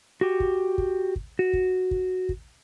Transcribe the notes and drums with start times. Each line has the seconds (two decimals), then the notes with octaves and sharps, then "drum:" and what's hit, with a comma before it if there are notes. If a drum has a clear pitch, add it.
0.21 F#4 G4
0.40 drum: kick
0.78 drum: kick
1.16 drum: kick
1.39 F#4
1.53 drum: kick
1.91 drum: kick
2.29 drum: kick